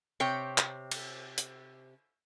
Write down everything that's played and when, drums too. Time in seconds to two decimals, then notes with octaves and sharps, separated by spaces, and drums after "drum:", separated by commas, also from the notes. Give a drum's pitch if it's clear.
0.20 C3 C#5 G5
0.58 drum: clap
0.91 drum: cymbal
1.38 drum: hi-hat